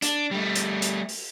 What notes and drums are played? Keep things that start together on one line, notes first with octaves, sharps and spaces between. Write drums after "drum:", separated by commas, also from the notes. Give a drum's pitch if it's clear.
D4, drum: hi-hat
G3 A3
drum: hi-hat
drum: hi-hat
drum: open hi-hat